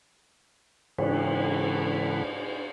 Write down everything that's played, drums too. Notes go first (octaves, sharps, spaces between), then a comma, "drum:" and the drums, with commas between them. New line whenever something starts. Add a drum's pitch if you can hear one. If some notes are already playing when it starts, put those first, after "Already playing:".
G#2 C#3 E3 A4 F#5 B5, drum: cymbal